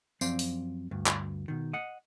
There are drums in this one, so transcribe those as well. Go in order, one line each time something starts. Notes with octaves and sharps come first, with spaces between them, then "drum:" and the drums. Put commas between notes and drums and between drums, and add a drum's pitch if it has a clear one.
F#2 F3 C4 D5 F5, drum: tambourine
drum: open hi-hat
D2 G2
drum: clap
B2 D#3
D#5 F#5